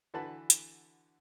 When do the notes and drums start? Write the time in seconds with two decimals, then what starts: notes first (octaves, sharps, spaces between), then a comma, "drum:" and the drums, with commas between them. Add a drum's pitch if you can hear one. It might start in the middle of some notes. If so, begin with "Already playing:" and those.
0.14 D3 E3 F#4 A5 B5
0.50 drum: hi-hat